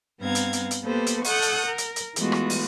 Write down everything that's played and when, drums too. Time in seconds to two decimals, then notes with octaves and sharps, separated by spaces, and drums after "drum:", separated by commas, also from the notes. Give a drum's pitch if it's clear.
0.21 G2 B3 C4 F5 A#5 G#6
0.35 drum: hi-hat
0.53 drum: hi-hat
0.71 drum: hi-hat
0.84 A#3 B3 G4 A4 B4 C5
1.07 drum: hi-hat
1.25 A4 F#5 C#6 D#6 F#6 G6, drum: open hi-hat
1.43 drum: hi-hat
1.66 A#4
1.78 drum: hi-hat
1.96 drum: hi-hat
2.16 E3 G#3 A3 B3 F4 F#4, drum: hi-hat
2.32 drum: rim click
2.50 drum: open hi-hat